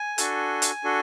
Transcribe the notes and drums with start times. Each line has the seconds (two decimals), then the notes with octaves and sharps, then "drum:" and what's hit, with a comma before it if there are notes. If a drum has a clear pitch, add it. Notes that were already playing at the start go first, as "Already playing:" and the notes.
Already playing: G#5
0.18 D4 F#4 A4, drum: hi-hat
0.62 drum: hi-hat
0.84 D4 F#4 A4